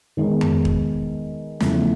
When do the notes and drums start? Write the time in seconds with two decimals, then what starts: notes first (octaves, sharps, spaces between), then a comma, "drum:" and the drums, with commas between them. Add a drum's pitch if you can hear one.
0.17 D#3 G#3 B3 D#4
0.41 drum: tom F2
0.65 drum: kick E1
1.60 E2 C#3 F3 A3, drum: snare